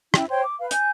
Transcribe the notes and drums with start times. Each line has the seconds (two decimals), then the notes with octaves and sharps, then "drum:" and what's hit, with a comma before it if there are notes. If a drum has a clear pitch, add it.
0.14 C#4 E4 G5, drum: rim click
0.29 C5 C#5 G5 C6
0.42 D6
0.59 B4 F5
0.71 G#5 G6, drum: hi-hat